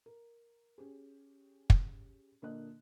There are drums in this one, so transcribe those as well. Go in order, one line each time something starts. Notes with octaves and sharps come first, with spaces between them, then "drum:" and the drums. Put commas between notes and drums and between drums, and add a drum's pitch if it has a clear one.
A#4
C#4 G4 G#4
drum: kick
A#2 D3 A#3 D4 D#5 F#6